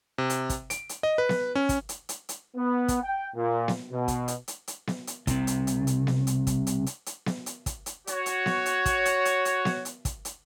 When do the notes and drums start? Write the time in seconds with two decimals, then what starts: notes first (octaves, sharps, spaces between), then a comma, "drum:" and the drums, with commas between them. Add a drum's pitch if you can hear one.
0.18 C3
0.30 drum: hi-hat
0.50 drum: kick, hi-hat
0.70 D7, drum: hi-hat
0.89 drum: hi-hat
1.03 D#5
1.18 B4
1.29 drum: snare B3
1.55 C#4
1.69 drum: kick, hi-hat
1.89 drum: hi-hat
2.09 drum: hi-hat
2.29 drum: hi-hat
2.57 B3
2.88 drum: kick, hi-hat
3.03 G5
3.35 A#2
3.68 drum: snare B3
3.92 B2
4.08 drum: kick, hi-hat
4.28 drum: hi-hat
4.48 drum: hi-hat
4.68 drum: hi-hat
4.87 drum: snare B3
5.07 drum: hi-hat
5.27 C2 C3, drum: kick, hi-hat
5.47 drum: hi-hat
5.67 drum: hi-hat
5.87 drum: hi-hat
6.07 drum: snare B3
6.27 drum: hi-hat
6.47 drum: kick, hi-hat
6.67 drum: hi-hat
6.86 drum: hi-hat
7.06 drum: hi-hat
7.26 drum: snare B3
7.46 drum: hi-hat
7.66 drum: kick, hi-hat
7.86 drum: hi-hat
8.07 F#4 C#5, drum: hi-hat
8.26 drum: hi-hat
8.46 drum: snare B3
8.66 drum: hi-hat
8.86 drum: kick, hi-hat
9.05 drum: hi-hat
9.25 drum: hi-hat
9.45 drum: hi-hat
9.65 drum: snare B3
9.85 drum: hi-hat
10.05 drum: kick, hi-hat
10.25 drum: hi-hat